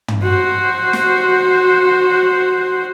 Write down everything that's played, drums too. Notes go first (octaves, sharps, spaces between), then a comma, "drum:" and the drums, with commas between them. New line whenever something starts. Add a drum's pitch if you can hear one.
drum: tom
F#4 C5
drum: snare